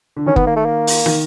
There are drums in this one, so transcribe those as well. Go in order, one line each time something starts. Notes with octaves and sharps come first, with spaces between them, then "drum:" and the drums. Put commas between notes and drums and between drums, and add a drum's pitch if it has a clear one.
D3
D#3 C#4
B3, drum: kick
A#3
A3
A#3
drum: open hi-hat
D#3, drum: rim click